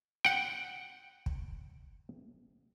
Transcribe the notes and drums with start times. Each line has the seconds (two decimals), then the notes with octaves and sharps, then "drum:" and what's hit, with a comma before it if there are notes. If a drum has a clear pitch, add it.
0.25 F#5 G5, drum: rim click
1.26 drum: kick